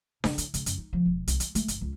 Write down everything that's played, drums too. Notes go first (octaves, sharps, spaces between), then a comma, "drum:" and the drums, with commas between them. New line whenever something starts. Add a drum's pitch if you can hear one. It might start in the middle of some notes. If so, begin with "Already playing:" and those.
C#3, drum: snare D4
E4, drum: hi-hat
C#3, drum: hi-hat
F#2, drum: hi-hat
D#4
F3
E1
C2, drum: hi-hat
G#3, drum: hi-hat
A3, drum: hi-hat
G1, drum: hi-hat
C#2